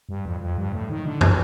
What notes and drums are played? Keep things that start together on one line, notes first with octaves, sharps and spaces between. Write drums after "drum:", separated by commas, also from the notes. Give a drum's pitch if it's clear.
G2
F2
F2
G2
A2
D#3
D3
C3, drum: tom